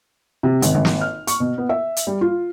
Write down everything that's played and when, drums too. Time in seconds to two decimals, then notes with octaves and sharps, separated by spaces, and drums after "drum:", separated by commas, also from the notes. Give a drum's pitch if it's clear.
0.43 C3
0.62 G#1, drum: hi-hat
0.75 G#1
0.85 drum: snare
1.01 F6
1.27 C#6, drum: hi-hat
1.40 B2
1.58 B3
1.69 E5
1.97 drum: hi-hat
2.07 G3
2.21 F4